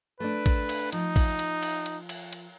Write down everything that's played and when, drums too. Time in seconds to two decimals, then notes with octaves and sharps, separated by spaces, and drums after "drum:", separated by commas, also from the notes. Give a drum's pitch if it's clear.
0.20 A3 D4 B4
0.46 drum: kick, cymbal
0.69 drum: cymbal
0.92 F3 D#4, drum: cymbal
1.16 drum: kick, cymbal
1.39 drum: cymbal
1.63 drum: cymbal
1.86 drum: cymbal
2.09 drum: cymbal
2.33 drum: cymbal